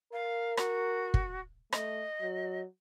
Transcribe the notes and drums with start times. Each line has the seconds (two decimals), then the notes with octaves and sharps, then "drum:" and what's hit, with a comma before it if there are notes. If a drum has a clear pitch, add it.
0.13 A#4 F5
0.57 F#4, drum: rim click
1.14 drum: kick
1.73 A3 D#5, drum: rim click
2.21 F#3